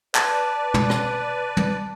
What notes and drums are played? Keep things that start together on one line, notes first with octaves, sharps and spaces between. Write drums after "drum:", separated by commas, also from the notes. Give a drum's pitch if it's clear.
B4 D5 A5, drum: clap
drum: tom
drum: rim click
drum: tom